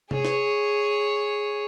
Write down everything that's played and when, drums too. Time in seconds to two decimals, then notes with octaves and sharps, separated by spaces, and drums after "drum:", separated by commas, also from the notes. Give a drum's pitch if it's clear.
0.11 G#4 C#5, drum: tom C3
0.25 drum: snare